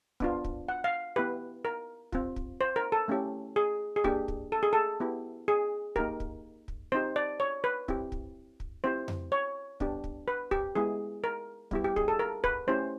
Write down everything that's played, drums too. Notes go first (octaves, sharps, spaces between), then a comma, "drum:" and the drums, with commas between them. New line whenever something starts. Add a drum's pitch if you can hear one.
B3 D4 F4, drum: kick
drum: kick
F#5
F5
B3 E4 G4 B4
A#4
C4 F4, drum: kick
drum: kick
C5
A#4
A4
A3 C#4 E4 G4
G#4
G#4
A#3 D4 G4, drum: kick
drum: kick
A4
G#4
A4
B3 E4 G4
G#4
A#3 D#4 G4 A#4, drum: kick
drum: kick
drum: kick
C4 D#4 G4 C5
D5
C#5
B4
C4 E4 G4, drum: kick
drum: kick
drum: kick
C4 E4 G4 C5
drum: tom F2
C#5
B3 D4 G4, drum: kick
drum: kick
B4
G4, drum: kick
G#3 B3 E4 G#4
A#4
G3 B3 E4 G4, drum: kick
G4
G#4, drum: kick
A4
A#4
B4, drum: kick
A3 C#4 E4 G4 C5